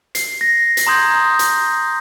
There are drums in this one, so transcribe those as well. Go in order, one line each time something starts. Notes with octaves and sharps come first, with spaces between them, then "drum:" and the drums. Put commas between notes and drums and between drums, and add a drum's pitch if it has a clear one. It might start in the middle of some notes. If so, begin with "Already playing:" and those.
C7, drum: hi-hat
A#6
drum: hi-hat
A#5 C6 D#6 G6 G#6
drum: hi-hat